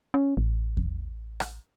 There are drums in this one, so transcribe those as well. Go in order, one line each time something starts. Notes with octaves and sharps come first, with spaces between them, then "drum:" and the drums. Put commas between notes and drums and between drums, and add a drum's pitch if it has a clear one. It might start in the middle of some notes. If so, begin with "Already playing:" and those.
C#4
A1
drum: kick E2
drum: rim click